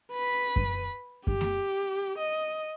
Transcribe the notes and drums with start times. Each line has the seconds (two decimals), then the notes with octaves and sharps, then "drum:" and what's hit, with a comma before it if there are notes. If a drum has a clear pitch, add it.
0.12 B4 B6
0.56 drum: kick F#2
1.27 G4, drum: kick F#2
1.41 drum: snare A3
2.19 D#5